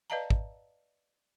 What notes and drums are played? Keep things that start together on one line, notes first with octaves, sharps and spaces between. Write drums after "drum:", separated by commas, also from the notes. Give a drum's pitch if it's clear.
B4 D5 D#5 F5 A5 A#5
drum: kick